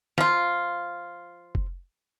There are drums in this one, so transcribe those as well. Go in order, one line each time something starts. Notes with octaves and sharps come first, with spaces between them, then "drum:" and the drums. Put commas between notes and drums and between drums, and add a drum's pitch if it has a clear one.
F3 F4, drum: snare
drum: kick F1